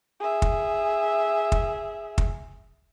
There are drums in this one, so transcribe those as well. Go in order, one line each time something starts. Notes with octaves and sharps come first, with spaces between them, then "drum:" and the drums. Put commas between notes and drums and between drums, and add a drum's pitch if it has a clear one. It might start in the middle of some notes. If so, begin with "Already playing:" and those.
G#4 E5
drum: kick
drum: kick
drum: kick